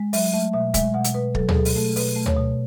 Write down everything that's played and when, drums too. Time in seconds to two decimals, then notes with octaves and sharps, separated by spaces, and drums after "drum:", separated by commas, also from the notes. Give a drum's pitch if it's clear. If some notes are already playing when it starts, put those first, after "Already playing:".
Already playing: G#3
0.13 F#3 E5, drum: open hi-hat
0.33 A3 E5
0.53 B2 E5
0.74 G#3 E5, drum: kick, hi-hat
0.94 B2 F#5
1.04 drum: hi-hat
1.14 B2 B4
1.35 F#3 A4, drum: kick
1.48 G#4, drum: tom
1.55 B2 A4
1.65 drum: open hi-hat
1.75 A3 A4
1.96 B2 B4, drum: open hi-hat
2.16 A3
2.26 C#5, drum: tom
2.36 B2